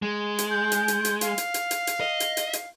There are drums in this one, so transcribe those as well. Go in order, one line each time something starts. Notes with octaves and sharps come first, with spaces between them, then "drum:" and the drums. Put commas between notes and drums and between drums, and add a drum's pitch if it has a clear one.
G#3
drum: hi-hat
G6
drum: hi-hat
drum: hi-hat
drum: hi-hat
F5, drum: hi-hat
drum: hi-hat
drum: hi-hat
drum: hi-hat
drum: hi-hat
D#5
drum: hi-hat
drum: hi-hat
drum: hi-hat